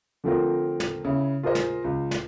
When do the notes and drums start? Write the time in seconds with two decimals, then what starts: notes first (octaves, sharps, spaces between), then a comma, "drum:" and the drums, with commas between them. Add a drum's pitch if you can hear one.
0.24 D3 F3 A3 C4 F4 A#4
0.80 drum: snare
1.05 C#3 E4
1.43 F4 G#4 A#4 C5 D#5
1.55 drum: snare
1.84 C#2
2.11 drum: snare